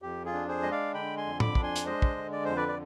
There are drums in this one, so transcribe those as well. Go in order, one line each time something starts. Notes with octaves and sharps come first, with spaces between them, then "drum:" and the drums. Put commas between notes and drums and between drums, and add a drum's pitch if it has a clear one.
F2 G4
F4 G#4
D4
G#4 C5
G#3 D#5
D5 F5
D3 G5 B5
G#5 C6
F2
B5 D6, drum: tom
D4, drum: kick
G#5 C6
drum: hi-hat
G#3 C5 D#5
drum: kick
D3
D5
F2 C5
B4 D5
D5